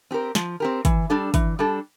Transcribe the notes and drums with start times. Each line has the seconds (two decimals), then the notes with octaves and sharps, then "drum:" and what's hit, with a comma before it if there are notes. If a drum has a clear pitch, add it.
0.11 C4 G4 A#4
0.35 F3, drum: snare
0.60 C4 G4 A#4
0.85 E3, drum: kick, hi-hat
1.10 G3 D4 A4
1.34 E3, drum: kick, hi-hat
1.59 G3 D4 A4